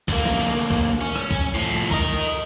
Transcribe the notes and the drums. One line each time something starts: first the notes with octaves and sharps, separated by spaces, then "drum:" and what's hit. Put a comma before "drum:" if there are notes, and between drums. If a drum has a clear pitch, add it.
D2 A#3, drum: kick C2, cymbal
drum: tom E3
drum: cymbal
drum: kick C2, cymbal
C#4, drum: cymbal
drum: rim click
drum: kick C2, cymbal
A2 F3
A#4 D#5, drum: kick C2, cymbal
drum: cymbal